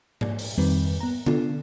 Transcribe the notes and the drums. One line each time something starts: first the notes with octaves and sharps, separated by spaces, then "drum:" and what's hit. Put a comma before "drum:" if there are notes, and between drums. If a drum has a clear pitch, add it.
D5, drum: tom G#2
drum: open hi-hat
F2 D#3 G3 C4 B4
B3 A#5
B3 D4 F4 A4, drum: tom D3